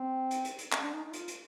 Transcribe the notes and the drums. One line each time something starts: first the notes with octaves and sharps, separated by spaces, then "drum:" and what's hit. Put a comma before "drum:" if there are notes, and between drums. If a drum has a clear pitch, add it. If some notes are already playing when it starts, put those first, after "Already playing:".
Already playing: C4
drum: hi-hat
drum: hi-hat
drum: hi-hat
C#4, drum: clap
D4
D#4
D#4
F4, drum: hi-hat
drum: hi-hat